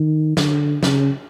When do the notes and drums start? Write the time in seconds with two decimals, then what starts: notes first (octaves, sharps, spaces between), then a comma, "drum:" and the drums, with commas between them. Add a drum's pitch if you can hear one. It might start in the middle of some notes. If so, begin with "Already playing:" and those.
Already playing: D#3
0.37 D3, drum: snare
0.83 C#3, drum: snare